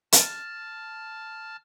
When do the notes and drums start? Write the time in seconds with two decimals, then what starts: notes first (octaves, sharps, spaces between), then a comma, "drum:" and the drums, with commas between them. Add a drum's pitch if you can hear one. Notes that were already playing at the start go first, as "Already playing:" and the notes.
0.12 A5 F6 A6, drum: hi-hat